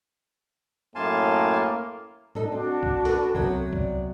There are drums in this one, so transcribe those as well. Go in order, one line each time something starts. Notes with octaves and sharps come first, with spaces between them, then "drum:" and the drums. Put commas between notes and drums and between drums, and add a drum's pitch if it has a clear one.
F#2 A2 A#3 F5 G#5 A5 C6
D4 D#4 A4, drum: tom A2
C4 D4 F#4
drum: kick C2
A4 B4, drum: open hi-hat
C3 F#3 B3, drum: kick C2
D5, drum: kick C2